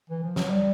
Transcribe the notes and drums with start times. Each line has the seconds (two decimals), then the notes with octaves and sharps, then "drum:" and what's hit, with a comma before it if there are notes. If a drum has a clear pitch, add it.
0.10 E3
0.24 F3
0.36 F#3, drum: snare
0.50 G3